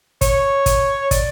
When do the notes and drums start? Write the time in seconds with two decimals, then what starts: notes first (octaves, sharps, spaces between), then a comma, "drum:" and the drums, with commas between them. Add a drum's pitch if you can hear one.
0.21 C#5, drum: kick, hi-hat
0.66 drum: kick, hi-hat
1.11 D5, drum: kick, hi-hat